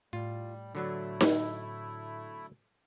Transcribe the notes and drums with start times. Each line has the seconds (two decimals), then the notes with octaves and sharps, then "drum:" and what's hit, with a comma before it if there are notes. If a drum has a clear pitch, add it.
0.13 A2 G3 F4
0.75 D3 F#3 A3 D4 E4
1.21 drum: snare D#4